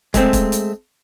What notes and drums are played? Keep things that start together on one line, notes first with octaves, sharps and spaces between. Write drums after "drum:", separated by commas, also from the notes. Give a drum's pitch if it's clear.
G#3 A3 C4, drum: kick, hi-hat
drum: kick, hi-hat
drum: hi-hat